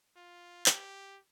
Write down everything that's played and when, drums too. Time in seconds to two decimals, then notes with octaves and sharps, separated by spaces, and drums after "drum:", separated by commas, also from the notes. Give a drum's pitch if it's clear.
0.16 F4
0.66 G4, drum: clap